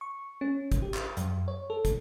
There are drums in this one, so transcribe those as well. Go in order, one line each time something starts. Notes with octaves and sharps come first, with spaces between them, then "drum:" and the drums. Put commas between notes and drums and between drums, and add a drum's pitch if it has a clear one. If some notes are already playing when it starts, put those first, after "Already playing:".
C#6
C#4
drum: kick, hi-hat
G4
drum: clap
F#2, drum: hi-hat
C#5
A4
drum: kick, hi-hat